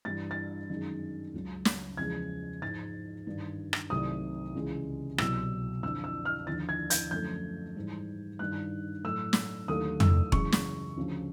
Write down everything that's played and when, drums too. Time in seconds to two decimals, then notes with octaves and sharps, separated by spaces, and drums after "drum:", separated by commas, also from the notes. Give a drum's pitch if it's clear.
0.05 G2 E3 G3 A6
0.31 A6
0.70 F#2 D#3 G#3
1.34 C#2 C#3 F#3
1.65 drum: snare
1.97 E2 C#3 F3 G#3 G#6
2.62 G#2 F3 G#3 A6
3.27 G2 D#3 G3
3.73 drum: rim click
3.90 C2 C3 D#3 F#3 A3 D#6
4.54 C#2 C#3 E3 G#3
5.18 C2 B2 F#3 E6, drum: rim click
5.82 F2 D3 F3 E6
6.04 E6
6.25 F6
6.47 D#2 D3 F3 A6
6.69 G#6
6.90 G6, drum: hi-hat
7.11 F#2 D3 F3 A3 G6
7.76 G#2 E3 G3
8.39 G2 D#3 G3 F#6
9.04 A2 F#3 A3 E6
9.33 drum: snare
9.68 D#2 D3 F#3 A3 D#6
10.00 E6, drum: tom
10.32 F#2 C#3 E3 G#3 C#6, drum: kick E1
10.52 drum: snare
10.97 D2 C#3 F3